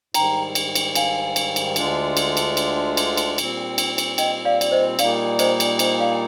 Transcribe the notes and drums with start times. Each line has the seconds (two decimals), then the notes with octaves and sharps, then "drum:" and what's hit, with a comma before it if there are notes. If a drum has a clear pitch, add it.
0.14 G#2 D#3 G3 G5 A#5, drum: cymbal
0.55 drum: cymbal
0.75 drum: cymbal
0.95 F5 G#5, drum: cymbal
1.36 drum: cymbal
1.56 drum: cymbal
1.76 D2 D3 G#3 D4 F4, drum: cymbal
2.17 drum: cymbal
2.37 drum: cymbal
2.57 drum: cymbal
2.97 drum: cymbal
3.17 drum: cymbal
3.38 A#2 G3 C4, drum: cymbal
3.78 drum: cymbal
3.98 drum: cymbal
4.18 D#5 G5, drum: cymbal
4.45 D5 F5
4.61 D5, drum: cymbal
4.72 C5 D#5
4.99 A#2 G3 A#3 D#4 D5 F5, drum: cymbal
5.19 D5
5.34 D5
5.39 C5 D#5, drum: cymbal
5.60 D5, drum: cymbal
5.79 C5 D#5, drum: cymbal
5.99 D5 F5